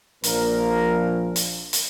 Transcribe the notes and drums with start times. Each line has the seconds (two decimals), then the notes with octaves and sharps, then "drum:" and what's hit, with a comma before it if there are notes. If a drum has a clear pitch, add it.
0.24 A#1 A#2 F3 A#4, drum: hi-hat
1.36 drum: hi-hat
1.73 drum: hi-hat